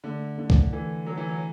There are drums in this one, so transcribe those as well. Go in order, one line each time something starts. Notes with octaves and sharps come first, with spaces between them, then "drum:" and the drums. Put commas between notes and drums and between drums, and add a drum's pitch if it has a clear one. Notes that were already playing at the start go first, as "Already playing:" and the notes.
D3 A3
D3 A3
drum: kick
E3 A4
F#3 A4
E3
F#3